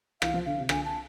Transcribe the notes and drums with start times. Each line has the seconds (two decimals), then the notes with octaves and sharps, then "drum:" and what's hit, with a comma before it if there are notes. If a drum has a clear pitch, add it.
0.22 E3 F5, drum: rim click
0.34 F3
0.46 D3 F5
0.58 C3
0.69 D3 G#5, drum: rim click
0.85 A5